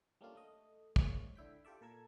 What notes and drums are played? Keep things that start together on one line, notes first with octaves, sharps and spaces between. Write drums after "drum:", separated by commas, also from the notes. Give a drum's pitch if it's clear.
G3 A3 A#3 C#4 D4 F4
A3 D#5
A#2 D#3 F3 G#3 C#4, drum: kick
D3 E4 G5 B6
F4 G4 A4 D5 E5
A#2 A4 A#4 E6 G#6